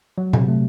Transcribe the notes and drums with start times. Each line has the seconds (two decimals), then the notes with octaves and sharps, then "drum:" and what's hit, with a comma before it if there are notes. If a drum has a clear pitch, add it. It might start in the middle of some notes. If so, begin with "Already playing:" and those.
0.18 F#3
0.33 C3, drum: tom A#2
0.48 A3